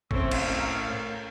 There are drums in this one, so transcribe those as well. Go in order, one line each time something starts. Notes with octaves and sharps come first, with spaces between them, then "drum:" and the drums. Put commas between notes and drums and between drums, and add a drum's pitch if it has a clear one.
A2 C4 C#4 E5, drum: kick G#1
drum: cymbal
A#4 F5